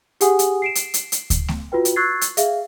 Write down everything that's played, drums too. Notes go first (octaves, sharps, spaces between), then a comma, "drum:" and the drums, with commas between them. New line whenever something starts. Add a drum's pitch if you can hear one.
G4 G#4 F#5 G#5 D#6, drum: hi-hat
drum: hi-hat
C7 D7 E7
drum: hi-hat
drum: hi-hat
drum: hi-hat
drum: kick D2, hi-hat
drum: snare A3
F4 F#4 B4 G5
drum: hi-hat
C#6 E6 F#6 G#6 A6 C7
drum: hi-hat
G#4 E5 F5, drum: hi-hat